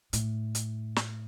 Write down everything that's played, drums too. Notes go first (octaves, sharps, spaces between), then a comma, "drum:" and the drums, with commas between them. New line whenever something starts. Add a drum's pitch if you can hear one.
A2, drum: hi-hat
drum: hi-hat
drum: snare